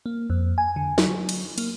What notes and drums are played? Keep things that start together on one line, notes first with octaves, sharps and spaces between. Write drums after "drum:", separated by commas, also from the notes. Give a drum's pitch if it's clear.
A#3
F2
G#5
D3
F#3, drum: snare
drum: cymbal
A#3, drum: cymbal